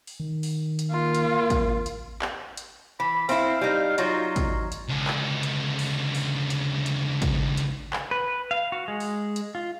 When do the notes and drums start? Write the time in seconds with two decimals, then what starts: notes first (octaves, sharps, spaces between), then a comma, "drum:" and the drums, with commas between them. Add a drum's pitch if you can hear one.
0.07 drum: open hi-hat
0.20 D#3
0.43 drum: open hi-hat
0.79 drum: hi-hat
0.91 A#3 F4
1.15 drum: hi-hat
1.50 drum: kick, hi-hat
1.86 drum: hi-hat
2.22 drum: clap
2.57 drum: hi-hat
3.00 E3 B5
3.29 C4 E4 F5, drum: open hi-hat
3.61 G3 D#4
3.98 F#3 D#4 F4, drum: hi-hat
4.36 drum: kick, hi-hat
4.72 drum: hi-hat
4.89 C#2 D3
5.07 drum: clap
5.43 drum: hi-hat
5.79 drum: open hi-hat
6.15 drum: open hi-hat
6.50 drum: hi-hat
6.86 drum: hi-hat
7.22 drum: kick, hi-hat
7.57 drum: hi-hat
7.93 drum: clap
8.11 B4
8.51 F5
8.72 F#4
8.88 G#3
9.00 drum: open hi-hat
9.36 drum: hi-hat
9.55 F4